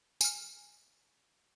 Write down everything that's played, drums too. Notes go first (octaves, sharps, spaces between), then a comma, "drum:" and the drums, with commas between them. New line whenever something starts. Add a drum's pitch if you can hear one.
G#5 F6, drum: tambourine